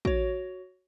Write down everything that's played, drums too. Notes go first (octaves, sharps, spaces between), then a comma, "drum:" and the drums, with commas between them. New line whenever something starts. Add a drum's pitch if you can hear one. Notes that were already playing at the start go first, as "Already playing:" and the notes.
F#4 C#5, drum: kick